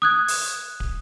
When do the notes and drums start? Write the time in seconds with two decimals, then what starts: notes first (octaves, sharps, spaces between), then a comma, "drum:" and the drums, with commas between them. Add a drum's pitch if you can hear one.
0.02 D#6 F#6 G#6
0.28 drum: open hi-hat
0.80 drum: kick